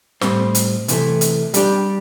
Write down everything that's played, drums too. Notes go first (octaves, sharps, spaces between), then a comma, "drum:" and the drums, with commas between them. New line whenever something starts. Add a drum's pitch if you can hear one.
A2 G3 C4, drum: snare
drum: hi-hat
C3 E3 A3, drum: hi-hat
drum: hi-hat
G3 D4 G4, drum: hi-hat